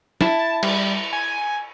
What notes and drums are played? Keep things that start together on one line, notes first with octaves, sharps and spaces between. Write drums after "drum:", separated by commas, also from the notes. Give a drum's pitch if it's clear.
E4 A5, drum: snare
G3, drum: cymbal
G#5